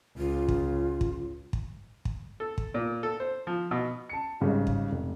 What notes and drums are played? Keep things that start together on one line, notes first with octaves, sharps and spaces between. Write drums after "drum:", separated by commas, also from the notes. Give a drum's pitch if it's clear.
C#2 F4
drum: kick
drum: kick
drum: kick
drum: kick
A4
drum: kick
A#2
A4
C5
F3
B2
A5 C#7
G#1 C#3 G3 G#3 F#5
drum: kick
F1